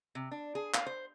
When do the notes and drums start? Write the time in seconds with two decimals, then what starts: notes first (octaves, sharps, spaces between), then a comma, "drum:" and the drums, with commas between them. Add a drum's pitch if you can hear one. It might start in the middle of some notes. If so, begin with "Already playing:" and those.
0.15 C3
0.31 D4
0.55 G#4
0.74 F5, drum: clap
0.86 C5